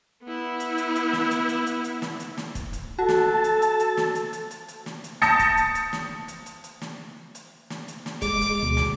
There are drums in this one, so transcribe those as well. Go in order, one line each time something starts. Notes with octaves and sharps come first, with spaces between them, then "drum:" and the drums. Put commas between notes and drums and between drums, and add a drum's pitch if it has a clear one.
B3 E4
drum: hi-hat
drum: hi-hat
drum: hi-hat
drum: snare
drum: hi-hat
drum: hi-hat
drum: hi-hat
drum: hi-hat
drum: snare
drum: hi-hat
drum: snare
drum: kick, hi-hat
drum: hi-hat
F#4 A4 A5
drum: snare
drum: hi-hat
drum: hi-hat
drum: hi-hat
drum: snare
drum: hi-hat
drum: hi-hat
drum: hi-hat
drum: hi-hat
drum: snare
drum: hi-hat
A5 D#6 G6 A6 A#6 C#7, drum: snare
drum: kick, hi-hat
drum: hi-hat
drum: hi-hat
drum: snare
drum: hi-hat
drum: hi-hat
drum: hi-hat
drum: snare
drum: hi-hat
drum: snare
drum: hi-hat
drum: snare
G#3 D6, drum: kick, hi-hat
drum: hi-hat
D2 B2
drum: snare